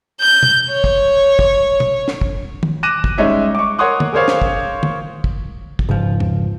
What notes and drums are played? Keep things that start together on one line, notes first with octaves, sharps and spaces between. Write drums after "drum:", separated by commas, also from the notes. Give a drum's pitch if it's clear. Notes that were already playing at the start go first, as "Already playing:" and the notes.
G6
drum: tom
C#5
drum: kick
drum: kick
drum: tom
drum: snare
drum: kick
drum: tom
D6 F#6 A#6 D#7 E7
drum: kick
G3 G#3 C#4 D#4 C#5 E5
C#6 D6
A#4 C#5 F#5 C6 D#6 F#6
drum: tom
G#4 A#4 C5 C#5 F5
drum: snare
drum: kick
drum: tom
drum: kick
drum: kick
C#2 G#2 F3
drum: tom E2